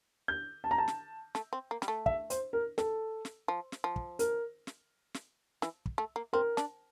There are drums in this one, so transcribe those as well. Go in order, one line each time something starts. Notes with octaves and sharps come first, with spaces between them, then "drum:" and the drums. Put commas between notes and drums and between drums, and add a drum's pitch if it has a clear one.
G6
A5
A#5
A5
drum: snare
A3, drum: snare
C4
A#3
G3, drum: snare
A3
E5, drum: kick
C5, drum: hi-hat
A#4
A4, drum: snare
drum: snare
F3
drum: snare
F3
drum: kick
A#4, drum: hi-hat
drum: snare
drum: snare
E3, drum: snare
drum: kick
A3
A#3
C4 A#4
D4, drum: snare